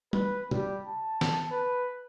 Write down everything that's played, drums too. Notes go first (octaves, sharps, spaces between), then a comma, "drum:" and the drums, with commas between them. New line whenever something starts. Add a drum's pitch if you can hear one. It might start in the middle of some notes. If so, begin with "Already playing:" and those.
B4, drum: tom
G3, drum: tom C3
A5
drum: snare
B4